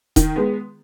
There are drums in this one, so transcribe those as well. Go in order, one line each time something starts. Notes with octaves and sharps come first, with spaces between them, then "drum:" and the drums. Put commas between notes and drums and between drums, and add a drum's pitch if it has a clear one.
D#3, drum: kick D#1, hi-hat
G#3 B3